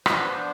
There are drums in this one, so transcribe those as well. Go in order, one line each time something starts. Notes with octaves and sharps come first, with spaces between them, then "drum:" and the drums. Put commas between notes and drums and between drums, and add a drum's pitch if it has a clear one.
F3 B3 D4 C5, drum: rim click
B4
C5